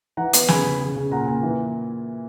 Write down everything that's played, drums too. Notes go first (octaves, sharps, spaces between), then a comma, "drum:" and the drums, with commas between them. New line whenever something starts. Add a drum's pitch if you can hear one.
E3 F#5 A#5
B3, drum: hi-hat
C#3 G#5 B5, drum: snare
C#3
C#3
C#3
A#2 F#5 A#5
A#2
E3